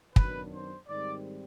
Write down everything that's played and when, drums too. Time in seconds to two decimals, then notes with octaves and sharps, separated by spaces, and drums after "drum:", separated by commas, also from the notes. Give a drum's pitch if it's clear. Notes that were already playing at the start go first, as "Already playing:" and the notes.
0.16 F#2 D#3 F#3 B3 D4 B4, drum: kick
0.53 C5
0.88 G#2 D#3 G3 C4 D5